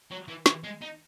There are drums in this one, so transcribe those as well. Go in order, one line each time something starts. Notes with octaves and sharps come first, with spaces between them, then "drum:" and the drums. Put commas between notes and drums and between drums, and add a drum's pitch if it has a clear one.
F#3
E3
E3, drum: snare
G#3
D#4